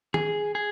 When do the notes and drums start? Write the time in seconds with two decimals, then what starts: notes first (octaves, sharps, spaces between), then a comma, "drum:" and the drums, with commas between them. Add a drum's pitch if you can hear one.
0.14 G#4, drum: tom D#3
0.55 G#4